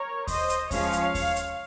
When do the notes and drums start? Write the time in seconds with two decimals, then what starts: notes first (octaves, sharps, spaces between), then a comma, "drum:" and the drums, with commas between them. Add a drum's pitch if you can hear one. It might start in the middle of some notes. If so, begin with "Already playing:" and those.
Already playing: A#4 C#5
0.27 C5 D#5, drum: kick D#2, open hi-hat
0.50 drum: hi-hat
0.71 F3 G#3 C#4 C#5 F5, drum: kick D#2, open hi-hat
0.93 drum: hi-hat
1.15 drum: kick D#2, open hi-hat
1.36 drum: hi-hat